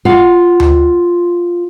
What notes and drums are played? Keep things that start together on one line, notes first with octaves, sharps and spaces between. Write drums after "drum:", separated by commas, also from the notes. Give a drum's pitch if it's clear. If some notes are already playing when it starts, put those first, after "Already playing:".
F4 F5 F#5
drum: tom D2